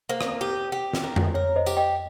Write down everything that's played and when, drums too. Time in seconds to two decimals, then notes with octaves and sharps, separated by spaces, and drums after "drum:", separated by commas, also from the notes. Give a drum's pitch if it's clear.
0.09 A#3 C5
0.21 drum: rim click
0.41 G4
0.72 G4
0.94 drum: snare
1.04 A#4
1.16 drum: tom F2
1.34 A#4 C#5
1.56 C5 D#5
1.66 G4, drum: tambourine
1.77 D#5 G5